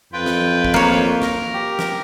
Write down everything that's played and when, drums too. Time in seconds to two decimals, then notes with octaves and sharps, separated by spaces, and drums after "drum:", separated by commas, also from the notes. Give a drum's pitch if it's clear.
0.13 F2 F4 B4 G5
0.26 drum: snare
0.64 drum: kick
0.74 A#3 C#5
1.22 A#4, drum: snare
1.54 G4
1.79 drum: snare